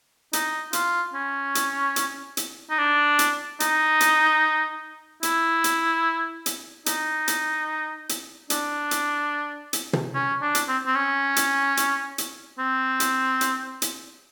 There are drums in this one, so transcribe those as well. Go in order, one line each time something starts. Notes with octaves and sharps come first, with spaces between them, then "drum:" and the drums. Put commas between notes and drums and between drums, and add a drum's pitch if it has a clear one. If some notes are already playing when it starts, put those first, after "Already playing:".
D#4, drum: hi-hat
F4, drum: hi-hat
C#4
drum: hi-hat
drum: hi-hat
drum: hi-hat
D#4
D4
drum: hi-hat
D#4, drum: hi-hat
drum: hi-hat
E4, drum: hi-hat
drum: hi-hat
drum: hi-hat
D#4, drum: hi-hat
drum: hi-hat
drum: hi-hat
D4, drum: hi-hat
drum: hi-hat
drum: hi-hat
drum: tom
C#4
D4
drum: hi-hat
C4
C4
C#4
drum: hi-hat
drum: hi-hat
drum: hi-hat
C4
drum: hi-hat
drum: hi-hat
drum: hi-hat